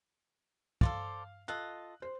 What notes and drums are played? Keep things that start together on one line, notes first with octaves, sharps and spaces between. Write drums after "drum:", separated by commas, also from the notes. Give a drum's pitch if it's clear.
A4 C5 D5 F5, drum: kick
F4 A4 D#5 F#6
C5